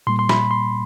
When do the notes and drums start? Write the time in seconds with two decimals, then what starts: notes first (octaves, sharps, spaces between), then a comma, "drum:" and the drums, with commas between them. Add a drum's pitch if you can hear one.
0.07 A#2 G3 A#3 C6
0.19 C6
0.29 B5, drum: snare
0.51 C6